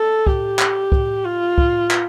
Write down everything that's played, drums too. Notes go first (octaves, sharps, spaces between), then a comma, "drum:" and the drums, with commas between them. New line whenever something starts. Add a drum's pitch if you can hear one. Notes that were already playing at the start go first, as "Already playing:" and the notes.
Already playing: A4
G4, drum: kick
drum: clap
drum: kick
F4
drum: kick
drum: clap